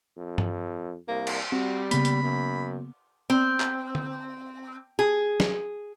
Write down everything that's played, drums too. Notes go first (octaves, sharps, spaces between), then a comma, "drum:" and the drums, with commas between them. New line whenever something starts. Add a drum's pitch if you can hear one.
F2
drum: tom G2
C2 A#3
drum: cymbal
G3 C4 F#4
C#3 A#3 B3 B5, drum: hi-hat
drum: hi-hat
F#2
C4
drum: clap
drum: tom D3
G#4
drum: snare